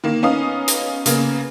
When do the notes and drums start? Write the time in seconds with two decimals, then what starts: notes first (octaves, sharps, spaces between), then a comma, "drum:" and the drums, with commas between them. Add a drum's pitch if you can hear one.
0.04 D#3 A#3
0.22 B3 C#4 D#4 F5 D#6
0.68 drum: hi-hat
1.06 C#3 A#3 B3, drum: hi-hat